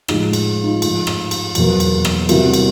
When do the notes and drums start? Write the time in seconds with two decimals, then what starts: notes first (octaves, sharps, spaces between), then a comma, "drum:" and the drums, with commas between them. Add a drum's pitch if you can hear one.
0.08 A2 F3 G#3 D#4 F4, drum: rim click
0.33 drum: cymbal
0.63 D#4 F4
0.82 G#2 F3 A3, drum: cymbal
1.07 drum: rim click
1.31 drum: cymbal
1.55 E2 B2 F#3 A#3, drum: cymbal
1.80 drum: cymbal
2.05 drum: rim click
2.29 C3 E3 G3 A#3 E4 F#4, drum: cymbal
2.54 drum: cymbal